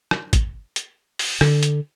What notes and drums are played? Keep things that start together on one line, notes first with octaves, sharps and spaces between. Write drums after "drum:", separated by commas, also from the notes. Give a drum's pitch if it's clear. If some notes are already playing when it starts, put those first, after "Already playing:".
drum: rim click
drum: kick, hi-hat
drum: hi-hat
drum: open hi-hat
D3, drum: rim click
drum: hi-hat